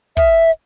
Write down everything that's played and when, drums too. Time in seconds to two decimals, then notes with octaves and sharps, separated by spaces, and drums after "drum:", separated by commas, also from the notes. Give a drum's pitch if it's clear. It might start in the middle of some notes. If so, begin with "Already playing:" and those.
0.17 E5, drum: kick